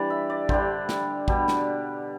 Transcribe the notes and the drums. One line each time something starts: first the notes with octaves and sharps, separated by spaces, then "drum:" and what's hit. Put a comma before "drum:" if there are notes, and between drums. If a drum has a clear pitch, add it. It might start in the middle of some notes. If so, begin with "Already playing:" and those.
Already playing: E3 G3 D4 D5
E5
D5
D3 G3 D4 C5, drum: kick A1
drum: snare
B2 G3 D4 G4, drum: kick A1
drum: snare